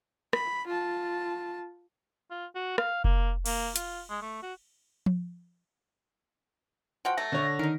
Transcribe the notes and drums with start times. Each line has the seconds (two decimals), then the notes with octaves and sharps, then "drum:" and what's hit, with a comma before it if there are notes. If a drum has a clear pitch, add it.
0.33 B5, drum: rim click
0.67 F4 A5
2.31 F4
2.55 F#4
2.78 F5, drum: rim click
3.04 A#3, drum: kick F1
3.46 A#3, drum: cymbal
3.76 F4, drum: hi-hat
4.10 G#3
4.22 A3
4.42 F#4
5.06 drum: tom F3
7.05 F3 F#4 F#5 G5
7.18 F#3 A3 A#6
7.32 D3 C#5
7.59 D#3 D#4 A#4